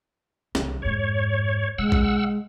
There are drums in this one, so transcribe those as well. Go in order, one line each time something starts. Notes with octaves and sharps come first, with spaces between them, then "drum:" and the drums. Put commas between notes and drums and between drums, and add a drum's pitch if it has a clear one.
C2 D#3, drum: snare
F2 G#2 C#5
B2 G#3 F#5 E6
drum: kick A#1